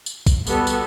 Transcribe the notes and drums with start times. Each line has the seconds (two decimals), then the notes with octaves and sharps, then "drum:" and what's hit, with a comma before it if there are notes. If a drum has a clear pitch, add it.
0.06 drum: tambourine
0.27 drum: kick A#1, tambourine
0.47 G3 B3 F#4 A4, drum: tambourine
0.67 drum: tambourine